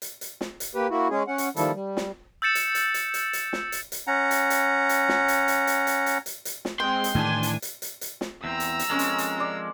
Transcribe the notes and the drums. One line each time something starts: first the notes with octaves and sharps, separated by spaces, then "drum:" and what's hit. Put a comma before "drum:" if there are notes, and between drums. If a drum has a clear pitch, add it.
drum: hi-hat
drum: hi-hat
drum: snare
drum: hi-hat
A#3 G4 B4
A#3 E4 F#4
G#3 C#4 G#4
C#4 F#5
drum: hi-hat
D#3 F3 G3 A#3 E4 A4, drum: hi-hat
G3
drum: snare
E6 G6 A6 C#7 E7
drum: hi-hat
drum: hi-hat
drum: hi-hat
drum: hi-hat
drum: hi-hat
drum: snare
drum: hi-hat
drum: hi-hat
C#4 F#5 A#5
drum: hi-hat
drum: hi-hat
drum: hi-hat
drum: snare
drum: hi-hat
drum: hi-hat
drum: hi-hat
drum: hi-hat
drum: hi-hat
drum: hi-hat
drum: hi-hat
drum: snare
G#3 C4 G5 C6
drum: hi-hat
A2 D#3 E3 D4 G#5
drum: hi-hat
drum: hi-hat
drum: hi-hat
drum: hi-hat
drum: snare
E2 C4 A#5 E6
drum: hi-hat
drum: hi-hat
F3 G#3 C4 C#4 A#4
drum: hi-hat
drum: hi-hat
C5 D5